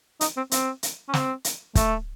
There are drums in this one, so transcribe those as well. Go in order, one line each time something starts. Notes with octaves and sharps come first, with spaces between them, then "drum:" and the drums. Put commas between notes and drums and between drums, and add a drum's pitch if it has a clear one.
D#4, drum: hi-hat
C4
C4, drum: hi-hat
drum: hi-hat
C#4
C4, drum: snare
drum: hi-hat
A3, drum: kick, hi-hat